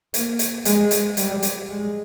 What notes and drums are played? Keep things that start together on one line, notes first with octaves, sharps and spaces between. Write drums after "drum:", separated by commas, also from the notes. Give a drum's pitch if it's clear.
A#3, drum: hi-hat
drum: hi-hat
G#3, drum: hi-hat
drum: hi-hat
G3, drum: hi-hat
drum: hi-hat
G#3